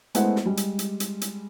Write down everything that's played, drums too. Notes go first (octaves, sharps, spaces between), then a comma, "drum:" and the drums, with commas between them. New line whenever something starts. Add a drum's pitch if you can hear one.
G#3 A3 B3 E4 C5 F#5, drum: hi-hat
drum: snare
G3 G#3
drum: hi-hat
drum: hi-hat
drum: hi-hat
drum: hi-hat